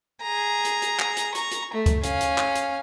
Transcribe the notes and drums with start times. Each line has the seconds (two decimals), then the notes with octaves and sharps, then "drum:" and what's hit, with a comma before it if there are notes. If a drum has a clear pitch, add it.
0.22 G#4 A#5
0.65 drum: hi-hat
0.82 drum: hi-hat
0.99 drum: clap
1.17 drum: hi-hat
1.35 A#5 C#6, drum: hi-hat
1.51 drum: hi-hat
1.74 A3
1.86 drum: kick C#2, hi-hat
2.03 C#4 F5, drum: hi-hat
2.21 drum: hi-hat
2.38 drum: clap
2.55 drum: hi-hat